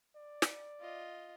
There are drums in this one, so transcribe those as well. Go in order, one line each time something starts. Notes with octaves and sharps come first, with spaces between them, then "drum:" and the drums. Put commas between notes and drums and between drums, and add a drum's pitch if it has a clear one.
D5
drum: snare
F4 D#5